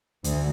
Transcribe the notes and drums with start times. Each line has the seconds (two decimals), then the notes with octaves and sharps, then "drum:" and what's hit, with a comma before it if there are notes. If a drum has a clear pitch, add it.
0.24 D2, drum: hi-hat